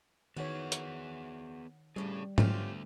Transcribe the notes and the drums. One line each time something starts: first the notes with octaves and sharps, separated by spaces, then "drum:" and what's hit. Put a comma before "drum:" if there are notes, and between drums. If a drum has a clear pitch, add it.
D#3 B3 F#4 G#4 B4 C#5
drum: hi-hat
D2 A2 G3 C#4 G4 G#4
D3 A3 B3 C#4 F4 G4 C5, drum: tom G#2